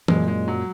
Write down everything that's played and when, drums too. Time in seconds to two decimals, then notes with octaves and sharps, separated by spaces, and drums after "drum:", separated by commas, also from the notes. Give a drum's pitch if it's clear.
0.08 F#2 A#2 G#3, drum: tom E3
0.28 G#3
0.48 F#3